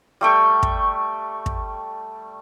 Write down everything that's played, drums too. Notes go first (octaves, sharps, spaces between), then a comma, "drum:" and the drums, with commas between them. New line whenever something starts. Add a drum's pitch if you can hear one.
G3 A3 G5 C#6
drum: kick
drum: kick